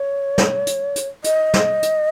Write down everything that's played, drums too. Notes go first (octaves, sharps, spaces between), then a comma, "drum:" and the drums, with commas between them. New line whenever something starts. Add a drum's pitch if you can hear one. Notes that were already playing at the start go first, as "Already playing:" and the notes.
Already playing: C#5
drum: snare
drum: hi-hat
drum: hi-hat
D#5, drum: hi-hat
drum: snare
drum: hi-hat